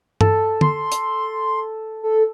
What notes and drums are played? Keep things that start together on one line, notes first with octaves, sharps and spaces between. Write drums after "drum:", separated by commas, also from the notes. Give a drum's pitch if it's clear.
A4, drum: tom G2
C6, drum: tom
drum: hi-hat
A4